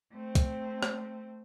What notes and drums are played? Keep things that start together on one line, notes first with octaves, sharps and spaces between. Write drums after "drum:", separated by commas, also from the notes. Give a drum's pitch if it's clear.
A3 C4
drum: kick, hi-hat
drum: rim click